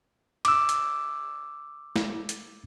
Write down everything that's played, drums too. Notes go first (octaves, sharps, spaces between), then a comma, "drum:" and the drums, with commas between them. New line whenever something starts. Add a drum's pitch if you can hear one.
D6 E6, drum: cymbal
drum: hi-hat
drum: snare
drum: hi-hat